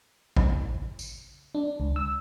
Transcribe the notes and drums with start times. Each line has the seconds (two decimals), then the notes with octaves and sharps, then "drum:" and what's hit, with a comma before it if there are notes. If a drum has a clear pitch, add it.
0.36 drum: kick G#1
0.99 drum: tambourine
1.55 D4
1.80 C#2
1.96 E6